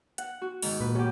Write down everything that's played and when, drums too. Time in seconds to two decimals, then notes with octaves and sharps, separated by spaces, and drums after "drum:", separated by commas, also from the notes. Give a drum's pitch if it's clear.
0.18 F#5, drum: hi-hat
0.41 F#4
0.62 G#2 D#3, drum: open hi-hat
0.80 A#2 B4
0.95 C#4 F#4 G4